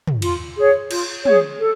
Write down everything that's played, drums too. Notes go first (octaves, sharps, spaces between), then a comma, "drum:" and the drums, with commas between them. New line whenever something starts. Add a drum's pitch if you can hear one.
drum: tom
F4, drum: cymbal
G#4 C#5
F4, drum: cymbal
G#4 C#5, drum: tom
A4